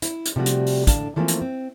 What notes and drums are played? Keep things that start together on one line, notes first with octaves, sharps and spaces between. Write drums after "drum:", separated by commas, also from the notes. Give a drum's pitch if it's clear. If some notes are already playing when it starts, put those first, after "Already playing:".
E4, drum: hi-hat
drum: hi-hat
C3 F3 G3 A3 F#4
drum: hi-hat
drum: open hi-hat
A2 D3 D4 F5 A5, drum: kick, hi-hat
E3 F3 A3 A#3 C4 C#4
drum: hi-hat
C4